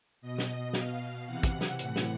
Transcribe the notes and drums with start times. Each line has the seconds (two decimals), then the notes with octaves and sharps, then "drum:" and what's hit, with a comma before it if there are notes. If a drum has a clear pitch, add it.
0.22 B2 D#5
0.39 drum: snare
0.73 B2 F5, drum: snare
1.25 C3 E3 F#5
1.43 drum: kick, hi-hat
1.61 drum: snare
1.79 A2 E3, drum: hi-hat
1.96 drum: snare